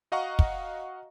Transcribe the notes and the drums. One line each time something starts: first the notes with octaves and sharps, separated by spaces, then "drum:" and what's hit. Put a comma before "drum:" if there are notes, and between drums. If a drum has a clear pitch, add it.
F#4 D#5 F5 F#5 A#5 C#6
drum: kick